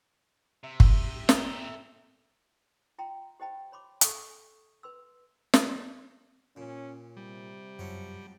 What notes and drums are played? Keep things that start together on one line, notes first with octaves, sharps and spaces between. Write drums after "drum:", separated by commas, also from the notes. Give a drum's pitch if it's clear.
C3 E5
drum: kick
A#2 A4 G5 A#5, drum: snare
F4 E5 G5 A#5 C6
G4 C5 D#5 G5 A5 B5
C#5 B5 C6 D6
A4 C#6 D#6, drum: hi-hat
B4 C6 E6
drum: snare
A#2 C#4
C3 G3
F#2 F3 F#3 C#5